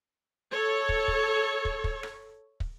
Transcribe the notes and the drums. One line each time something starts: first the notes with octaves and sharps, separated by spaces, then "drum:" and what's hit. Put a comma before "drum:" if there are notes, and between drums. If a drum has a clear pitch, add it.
A4 C#5
drum: kick
drum: kick
drum: kick
drum: kick
drum: rim click
drum: kick